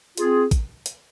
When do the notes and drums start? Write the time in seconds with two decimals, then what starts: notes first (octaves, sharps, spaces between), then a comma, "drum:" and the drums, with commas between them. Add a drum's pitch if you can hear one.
0.17 C4 F4 G#4, drum: hi-hat
0.51 drum: kick A1, hi-hat
0.86 drum: hi-hat